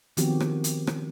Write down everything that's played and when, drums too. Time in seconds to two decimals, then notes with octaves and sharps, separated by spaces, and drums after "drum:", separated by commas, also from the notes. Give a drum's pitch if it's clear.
0.17 D#3 F3 B3 C4 F#4 G4, drum: hi-hat
0.40 drum: rim click
0.64 drum: hi-hat
0.87 drum: rim click